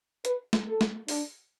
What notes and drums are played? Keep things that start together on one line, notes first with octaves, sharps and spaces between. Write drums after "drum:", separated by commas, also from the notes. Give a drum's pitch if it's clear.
B4, drum: hi-hat
drum: snare
A4
drum: snare
D4, drum: open hi-hat